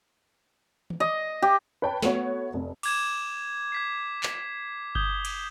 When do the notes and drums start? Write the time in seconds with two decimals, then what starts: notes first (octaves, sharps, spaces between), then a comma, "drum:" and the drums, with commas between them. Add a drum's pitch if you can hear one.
0.90 drum: tom
1.00 D#5
1.42 G4
1.82 B4 C#5 G5 A5
2.02 A3 B3 F#4 C#5, drum: snare
2.54 F1
2.83 D6 G#6 E7, drum: cymbal
3.72 G#6 B6 C7
4.23 drum: clap
4.95 D#6 G6 G#6 G7, drum: kick G1
5.25 drum: cymbal